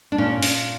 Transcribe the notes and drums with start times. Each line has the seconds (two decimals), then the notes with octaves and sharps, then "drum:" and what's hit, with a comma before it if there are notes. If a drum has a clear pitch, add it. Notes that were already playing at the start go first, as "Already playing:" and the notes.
0.12 D4
0.18 A#2 C#4
0.43 drum: open hi-hat